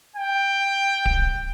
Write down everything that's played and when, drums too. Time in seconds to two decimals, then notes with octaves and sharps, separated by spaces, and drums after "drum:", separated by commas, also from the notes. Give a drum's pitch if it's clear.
0.16 G5
1.06 drum: kick D1